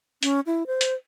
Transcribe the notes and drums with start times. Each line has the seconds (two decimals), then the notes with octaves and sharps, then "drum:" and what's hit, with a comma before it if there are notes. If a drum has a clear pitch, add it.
0.23 C#4, drum: hi-hat
0.46 E4
0.67 C5
0.81 drum: hi-hat